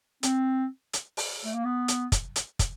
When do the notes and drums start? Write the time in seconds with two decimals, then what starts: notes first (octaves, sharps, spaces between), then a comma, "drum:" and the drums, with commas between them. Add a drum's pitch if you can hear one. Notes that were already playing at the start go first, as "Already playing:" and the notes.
0.23 C4, drum: hi-hat
0.93 drum: hi-hat
1.17 drum: open hi-hat
1.45 A3
1.54 A#3
1.65 B3
1.88 drum: hi-hat
2.12 drum: kick, hi-hat
2.36 drum: hi-hat
2.59 drum: kick, hi-hat